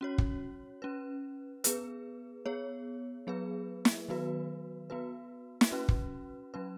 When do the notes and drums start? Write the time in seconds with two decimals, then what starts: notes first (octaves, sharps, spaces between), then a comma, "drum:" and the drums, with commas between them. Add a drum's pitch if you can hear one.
0.01 C#4 F#4 C#5
0.18 drum: kick
0.82 C#4 B4
1.64 B3 G#4 B4, drum: hi-hat
2.46 B3 G#4 C#5
3.27 F#3 B3 G#4 B4
3.85 drum: snare
4.08 D#3 F#3 B3 F#4 B4
4.90 B3 F#4 B4
5.61 drum: snare
5.72 C#4 F#4 B4
5.88 drum: kick
6.54 F#3 C#4 B4